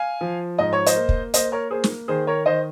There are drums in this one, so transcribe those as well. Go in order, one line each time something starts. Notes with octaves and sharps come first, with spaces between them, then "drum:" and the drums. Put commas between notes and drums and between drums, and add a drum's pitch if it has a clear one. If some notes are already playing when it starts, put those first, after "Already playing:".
Already playing: F5 G#5
F3
G#2 D#5
C#5
C5 D#5, drum: hi-hat
A#3
drum: kick
A#3 C5 D#5, drum: hi-hat
A#4 C#5
A#3 G#4 C5
drum: snare
D#3 G#4 C5
A#4 C#5
D#3 C5 D#5